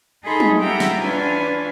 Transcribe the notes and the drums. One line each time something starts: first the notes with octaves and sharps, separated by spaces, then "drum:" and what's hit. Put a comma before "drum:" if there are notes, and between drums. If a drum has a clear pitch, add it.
D#4 G#4 A4 D#5 B5 C6
drum: tom F#3
F4 G4 E5 F#5 G5 A#5
drum: snare
E3 C#4 D4 F4 B4 G#5